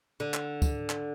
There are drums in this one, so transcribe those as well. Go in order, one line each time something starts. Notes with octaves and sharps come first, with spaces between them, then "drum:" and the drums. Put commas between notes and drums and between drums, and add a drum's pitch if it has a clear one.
D3
drum: clap
drum: kick C#2, tambourine
drum: clap